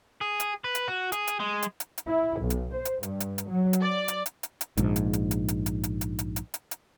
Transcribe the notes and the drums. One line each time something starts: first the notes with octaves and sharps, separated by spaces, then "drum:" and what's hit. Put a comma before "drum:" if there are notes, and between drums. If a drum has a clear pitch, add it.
G#4
drum: hi-hat
B4
drum: hi-hat
F#4
G#4, drum: hi-hat
drum: hi-hat
G#3
drum: hi-hat
drum: hi-hat
drum: hi-hat
E4
B1
drum: hi-hat
C5
drum: hi-hat
G2, drum: hi-hat
drum: hi-hat
drum: hi-hat
F#3
drum: hi-hat
D5
drum: hi-hat
drum: hi-hat
drum: hi-hat
drum: hi-hat
A#1 G#2, drum: hi-hat
drum: hi-hat
drum: hi-hat
drum: hi-hat
drum: hi-hat
drum: hi-hat
drum: hi-hat
drum: hi-hat
drum: hi-hat
drum: hi-hat
drum: hi-hat
drum: hi-hat